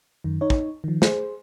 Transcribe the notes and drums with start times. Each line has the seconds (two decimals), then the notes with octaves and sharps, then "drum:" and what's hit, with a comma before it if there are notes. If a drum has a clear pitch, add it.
0.24 F#2 D#3
0.41 D#4 C#5
0.50 drum: kick
0.84 D#3 F3
1.02 G#4 C5, drum: snare